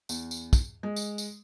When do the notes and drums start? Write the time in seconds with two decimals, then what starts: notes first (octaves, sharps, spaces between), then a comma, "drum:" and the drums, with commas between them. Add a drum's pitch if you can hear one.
0.09 E2, drum: tambourine
0.31 drum: tambourine
0.53 drum: kick, tambourine
0.83 G#3
0.96 drum: tambourine
1.18 drum: tambourine